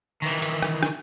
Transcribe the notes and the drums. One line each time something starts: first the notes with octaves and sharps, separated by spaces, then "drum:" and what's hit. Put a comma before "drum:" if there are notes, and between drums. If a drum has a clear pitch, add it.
D#3 E3
drum: hi-hat
drum: rim click
drum: rim click